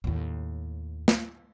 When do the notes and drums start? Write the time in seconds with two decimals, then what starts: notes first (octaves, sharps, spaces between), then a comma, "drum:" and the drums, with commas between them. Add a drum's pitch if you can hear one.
0.04 D#2 A2
1.08 drum: snare